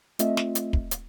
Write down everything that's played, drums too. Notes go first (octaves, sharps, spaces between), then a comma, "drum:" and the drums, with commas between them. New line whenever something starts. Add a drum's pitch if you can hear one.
A3 C4 F4 D#5 E5, drum: hi-hat
drum: snare
drum: hi-hat
drum: kick
drum: hi-hat